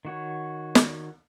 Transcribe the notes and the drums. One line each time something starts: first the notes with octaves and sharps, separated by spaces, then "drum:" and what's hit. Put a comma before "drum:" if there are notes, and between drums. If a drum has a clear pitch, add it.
D#3 F#4 C#5
drum: snare